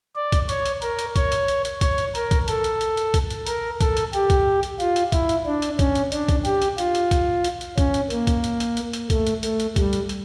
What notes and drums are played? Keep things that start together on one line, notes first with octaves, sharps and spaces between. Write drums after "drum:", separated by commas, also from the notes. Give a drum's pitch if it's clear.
D5
drum: kick, hi-hat
C#5, drum: hi-hat
drum: hi-hat
A#4, drum: hi-hat
drum: hi-hat
C#5, drum: kick, hi-hat
drum: hi-hat
drum: hi-hat
drum: hi-hat
C#5, drum: kick, hi-hat
drum: hi-hat
A#4, drum: hi-hat
drum: kick, hi-hat
A4, drum: hi-hat
drum: hi-hat
drum: hi-hat
drum: hi-hat
drum: kick, hi-hat
drum: hi-hat
A#4, drum: hi-hat
A4, drum: kick, hi-hat
drum: hi-hat
G4, drum: hi-hat
drum: kick, hi-hat
drum: hi-hat
F4, drum: hi-hat
drum: hi-hat
E4, drum: kick, hi-hat
drum: hi-hat
D4
drum: hi-hat
C#4, drum: kick, hi-hat
drum: hi-hat
D4, drum: hi-hat
drum: kick, hi-hat
G4, drum: hi-hat
drum: hi-hat
F4, drum: hi-hat
drum: hi-hat
drum: kick, hi-hat
drum: hi-hat
drum: hi-hat
C#4, drum: kick, hi-hat
drum: hi-hat
A#3, drum: hi-hat
drum: kick, hi-hat
drum: hi-hat
drum: hi-hat
drum: hi-hat
drum: hi-hat
A3, drum: kick, hi-hat
drum: hi-hat
A3, drum: hi-hat
drum: hi-hat
G3, drum: kick, hi-hat
drum: hi-hat
drum: hi-hat